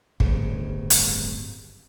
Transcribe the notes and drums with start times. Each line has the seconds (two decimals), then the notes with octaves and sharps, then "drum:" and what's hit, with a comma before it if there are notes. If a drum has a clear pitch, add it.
0.20 D1 G1 G2 C#3, drum: kick
0.90 drum: hi-hat